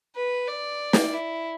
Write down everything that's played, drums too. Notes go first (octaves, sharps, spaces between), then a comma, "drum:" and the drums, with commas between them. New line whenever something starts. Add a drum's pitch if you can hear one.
B4
D5
drum: snare
E4